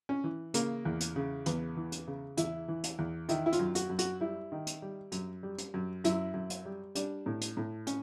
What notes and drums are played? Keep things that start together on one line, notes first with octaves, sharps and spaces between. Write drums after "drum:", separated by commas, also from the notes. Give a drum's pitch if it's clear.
C#4
E3
C#3 A#3, drum: hi-hat
E2
drum: hi-hat
C#3
E2 B3, drum: hi-hat
E3
drum: hi-hat
C#3
E2 E4, drum: hi-hat
E3
drum: hi-hat
E2
D#3 E4, drum: hi-hat
E4
F4, drum: hi-hat
F#2
F#4, drum: hi-hat
F#2
F#4, drum: hi-hat
G3 E4
D#3
drum: hi-hat
G3
F#2, drum: hi-hat
G3
drum: hi-hat
F#2
F#2 E4, drum: hi-hat
F#2
drum: hi-hat
G3
G3 D4, drum: hi-hat
A2
drum: hi-hat
A2
C#4, drum: hi-hat